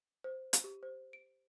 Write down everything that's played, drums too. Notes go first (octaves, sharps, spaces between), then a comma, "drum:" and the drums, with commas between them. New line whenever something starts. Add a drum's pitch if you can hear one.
C5
drum: hi-hat
G4
C5
D7